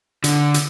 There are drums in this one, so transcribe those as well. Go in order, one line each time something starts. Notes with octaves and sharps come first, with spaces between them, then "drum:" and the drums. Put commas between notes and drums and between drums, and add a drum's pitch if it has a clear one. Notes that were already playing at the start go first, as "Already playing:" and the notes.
D3, drum: hi-hat
drum: hi-hat